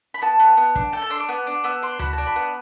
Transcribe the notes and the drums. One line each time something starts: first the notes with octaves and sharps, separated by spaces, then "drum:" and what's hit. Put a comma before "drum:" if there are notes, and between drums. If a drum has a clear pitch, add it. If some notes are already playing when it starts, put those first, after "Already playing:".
B5
B3 A5
B3
B3
D4, drum: kick
A4 G5
A5
D4 C6
D6
B3
D4
B3 E6
D4 C6
F#4 B5, drum: tom D2
D4 A5
B5
B3